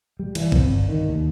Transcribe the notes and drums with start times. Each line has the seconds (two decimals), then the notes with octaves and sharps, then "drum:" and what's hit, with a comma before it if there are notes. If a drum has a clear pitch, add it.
0.19 G3
0.35 E3, drum: cymbal
0.52 C4, drum: kick A#1
0.65 G1
0.89 D#3
1.09 D#2